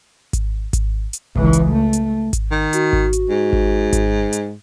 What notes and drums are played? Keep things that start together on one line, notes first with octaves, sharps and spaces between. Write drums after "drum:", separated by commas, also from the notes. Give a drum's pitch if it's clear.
drum: kick G#1, hi-hat
drum: kick G#1, hi-hat
drum: hi-hat
C#2 E3, drum: kick G#1
drum: hi-hat
A3
drum: hi-hat
drum: kick G#1, hi-hat
D#3
F#4, drum: hi-hat
drum: kick G#1
drum: hi-hat
G#2
drum: kick G#1
drum: kick G#1, hi-hat
drum: hi-hat